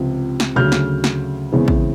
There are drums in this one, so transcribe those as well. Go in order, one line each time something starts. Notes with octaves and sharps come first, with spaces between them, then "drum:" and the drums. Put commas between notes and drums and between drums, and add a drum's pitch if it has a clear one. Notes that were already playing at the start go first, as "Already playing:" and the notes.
Already playing: C#2 C3 F3
drum: snare
D2 C#3 F#3 F6 G6
drum: snare
drum: snare
E2 C#3 E3 G#3 C4
drum: kick